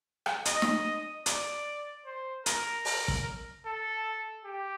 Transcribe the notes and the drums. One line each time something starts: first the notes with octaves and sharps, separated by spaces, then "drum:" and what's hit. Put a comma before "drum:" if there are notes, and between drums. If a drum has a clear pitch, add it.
drum: rim click
D#5, drum: hi-hat
drum: snare
D5, drum: hi-hat
C5
A#4, drum: hi-hat
drum: open hi-hat
drum: kick
A4
G4